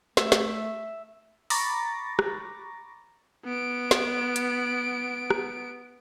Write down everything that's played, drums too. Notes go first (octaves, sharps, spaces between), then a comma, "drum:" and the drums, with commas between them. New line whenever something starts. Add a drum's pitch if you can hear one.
A3 E5, drum: snare
drum: snare
A#5 B5 C#6 D6 A6 A#6, drum: open hi-hat
drum: rim click
B3 D7
drum: snare
drum: hi-hat
drum: rim click